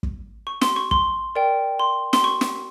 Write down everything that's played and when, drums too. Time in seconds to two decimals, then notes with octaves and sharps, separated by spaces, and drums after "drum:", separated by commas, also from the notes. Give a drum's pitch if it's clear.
0.03 drum: kick
0.47 C#6
0.61 C6, drum: snare
0.76 C#6
0.91 C6, drum: kick
1.35 A#4 D5 G5
1.79 C6
2.13 C6, drum: snare
2.24 C#6
2.41 drum: snare